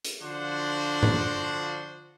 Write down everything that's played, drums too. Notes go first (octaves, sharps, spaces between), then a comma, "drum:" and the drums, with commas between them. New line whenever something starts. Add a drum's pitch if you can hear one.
drum: hi-hat
D3 F3 D4 F4 F#4 C5
drum: tom G2